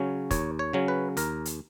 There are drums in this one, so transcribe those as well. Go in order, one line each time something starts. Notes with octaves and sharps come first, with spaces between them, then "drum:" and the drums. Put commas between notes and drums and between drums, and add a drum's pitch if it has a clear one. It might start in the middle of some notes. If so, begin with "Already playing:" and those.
Already playing: C#3 F#3 C#4
D#2 C#5, drum: kick, hi-hat
C#5
C#3 F#3 C#4
B4
D#2 A#4, drum: hi-hat
drum: hi-hat